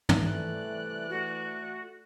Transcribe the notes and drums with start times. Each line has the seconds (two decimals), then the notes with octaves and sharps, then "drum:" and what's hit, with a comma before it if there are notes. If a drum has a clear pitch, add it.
0.09 drum: tom
0.22 C3 E3 G3 A3 D5 F#6
1.09 A3 F#4